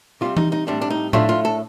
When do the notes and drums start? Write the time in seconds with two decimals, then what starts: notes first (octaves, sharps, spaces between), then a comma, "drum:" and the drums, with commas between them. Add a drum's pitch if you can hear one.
0.21 C3 G3 C4 F4
0.37 D#4, drum: tom E3
0.52 D#4
0.67 A2 G3 C4 D4
0.82 D4
0.90 D#4
1.13 A2 A3 D4 F4, drum: tom A2
1.29 F4
1.45 A4